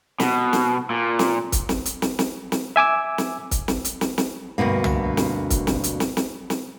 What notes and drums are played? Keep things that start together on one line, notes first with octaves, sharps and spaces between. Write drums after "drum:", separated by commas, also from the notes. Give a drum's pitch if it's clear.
B2, drum: snare
drum: snare
A#2
drum: snare
drum: kick, hi-hat
drum: snare
drum: hi-hat
drum: snare
drum: snare
drum: snare
E5 G#5 D6 E6
drum: snare
drum: kick, hi-hat
drum: snare
drum: hi-hat
drum: snare
drum: snare
D2 G2 B2 A#3
drum: tom
drum: snare
drum: kick, hi-hat
drum: snare
drum: hi-hat
drum: snare
drum: snare
drum: snare